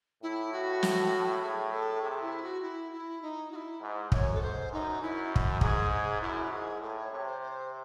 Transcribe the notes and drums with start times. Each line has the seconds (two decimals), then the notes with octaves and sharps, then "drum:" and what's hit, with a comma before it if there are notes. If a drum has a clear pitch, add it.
0.23 A2 E4
0.52 F#4
0.83 drum: snare
1.42 A2 G#4
1.72 A4
2.01 C3 G#4
2.21 E4
2.42 F#4
2.62 E4
2.92 E4
3.22 D#4
3.51 F#4
3.55 E4
3.82 G#2
4.12 F#2 C#5, drum: kick
4.33 A4
4.42 G#2 C5
4.72 F#2 D#4
5.01 F#2 E4
5.36 drum: kick
5.61 G#2 G#4, drum: kick
5.92 G#4
6.21 F#2 E4
6.52 G#2 G#4
6.81 A2 A4
6.96 C#5
7.11 C3 C#5
7.26 C5
7.41 C5